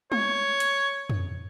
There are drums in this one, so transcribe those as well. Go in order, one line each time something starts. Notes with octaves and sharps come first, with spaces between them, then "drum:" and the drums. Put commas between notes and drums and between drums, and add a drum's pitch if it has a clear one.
C#5, drum: tom
drum: hi-hat
drum: tom